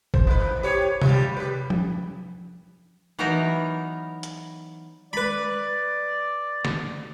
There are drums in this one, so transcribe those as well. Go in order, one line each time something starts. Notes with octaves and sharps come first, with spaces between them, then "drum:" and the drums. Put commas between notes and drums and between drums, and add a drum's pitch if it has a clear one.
C5, drum: kick
G#2 B4
G4 C#5
F#3 G3, drum: tom C3
G4 B4
drum: tom F3
E3 F#3 B3 D#4 A#4
drum: hi-hat
B4 D5 B5
drum: snare